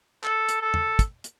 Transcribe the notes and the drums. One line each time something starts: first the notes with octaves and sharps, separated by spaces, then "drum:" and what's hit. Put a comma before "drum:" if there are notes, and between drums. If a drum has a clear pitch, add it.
A4, drum: clap
drum: hi-hat
A4
drum: tom E2
drum: kick, hi-hat
drum: hi-hat